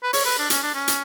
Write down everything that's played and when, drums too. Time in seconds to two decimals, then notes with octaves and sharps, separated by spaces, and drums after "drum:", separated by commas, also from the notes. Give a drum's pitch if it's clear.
0.03 B4
0.13 C#5, drum: open hi-hat
0.26 B4
0.39 D4
0.50 C#4, drum: hi-hat
0.63 D4
0.74 C#4
0.88 drum: hi-hat